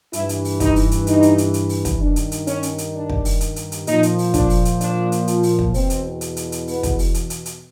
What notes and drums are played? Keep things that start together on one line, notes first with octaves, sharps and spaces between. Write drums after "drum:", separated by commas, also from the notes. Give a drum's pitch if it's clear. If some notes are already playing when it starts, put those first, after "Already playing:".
G2 E3 E4, drum: hi-hat
drum: hi-hat
drum: open hi-hat
D#4, drum: kick, hi-hat
drum: open hi-hat
drum: hi-hat
D#4, drum: hi-hat
drum: hi-hat
drum: hi-hat
drum: hi-hat
drum: open hi-hat
drum: kick, hi-hat
G2 D#3 D4
drum: hi-hat
drum: hi-hat
C#4, drum: hi-hat
drum: hi-hat
drum: hi-hat
D4
drum: kick
drum: open hi-hat
drum: hi-hat
drum: hi-hat
drum: hi-hat
A#2 F3 D#4, drum: hi-hat
drum: hi-hat
drum: open hi-hat
D4, drum: kick, hi-hat
drum: open hi-hat
drum: hi-hat
D4, drum: hi-hat
drum: hi-hat
drum: hi-hat
drum: open hi-hat
drum: kick
E2 B2 C4, drum: open hi-hat
drum: hi-hat
drum: hi-hat
drum: hi-hat
drum: hi-hat
B3, drum: open hi-hat
drum: kick, hi-hat
drum: open hi-hat
drum: hi-hat
drum: hi-hat
drum: hi-hat